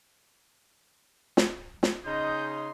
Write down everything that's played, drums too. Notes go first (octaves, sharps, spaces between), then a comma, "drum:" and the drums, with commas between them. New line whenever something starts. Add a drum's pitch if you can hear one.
drum: snare
drum: snare
C#3 D#4 D#5 C6 G6